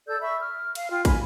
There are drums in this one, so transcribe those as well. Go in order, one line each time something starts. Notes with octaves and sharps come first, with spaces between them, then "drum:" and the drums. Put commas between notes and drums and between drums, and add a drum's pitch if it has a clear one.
A4 D5 E6 G6
E5 B5 C#6 E6
F6
F5, drum: cymbal
F4 G5 F6
G#5 B5, drum: kick, cymbal